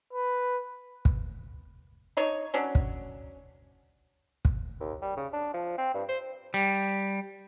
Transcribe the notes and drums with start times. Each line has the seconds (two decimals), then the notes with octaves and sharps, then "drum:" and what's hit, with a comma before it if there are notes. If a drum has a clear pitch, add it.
0.13 B4
1.05 drum: kick
2.17 D4 D#4 C#5
2.54 F#3 C#4 D4
2.75 drum: kick
4.45 drum: kick
4.80 D#2
5.02 G3
5.17 C#3
5.33 D4
5.54 F3
5.78 C4
5.94 G2
6.09 C5
6.54 G3